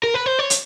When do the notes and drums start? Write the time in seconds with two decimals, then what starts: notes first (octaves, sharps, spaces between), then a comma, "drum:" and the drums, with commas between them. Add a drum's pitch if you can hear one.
0.03 A#4
0.14 B4
0.26 C5
0.39 C#5
0.50 drum: hi-hat